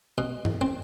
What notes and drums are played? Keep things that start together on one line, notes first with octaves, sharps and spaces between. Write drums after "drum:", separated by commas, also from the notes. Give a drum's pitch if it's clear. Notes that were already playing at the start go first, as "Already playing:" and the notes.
B2
drum: tom G2
C4